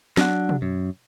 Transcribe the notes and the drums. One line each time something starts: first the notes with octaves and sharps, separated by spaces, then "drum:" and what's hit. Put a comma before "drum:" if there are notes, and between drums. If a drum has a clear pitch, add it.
F#3 D4 F#5, drum: snare
drum: tom
F#2